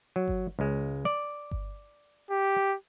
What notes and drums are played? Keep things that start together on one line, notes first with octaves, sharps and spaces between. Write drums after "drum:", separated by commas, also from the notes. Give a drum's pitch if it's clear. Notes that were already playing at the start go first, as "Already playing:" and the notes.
F#3
drum: kick G1
C#2 G#3
D5
drum: kick G1
G4